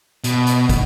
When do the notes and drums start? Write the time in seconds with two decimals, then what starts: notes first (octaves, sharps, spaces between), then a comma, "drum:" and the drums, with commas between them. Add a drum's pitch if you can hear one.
0.24 B2, drum: hi-hat
0.47 drum: hi-hat
0.69 drum: kick, hi-hat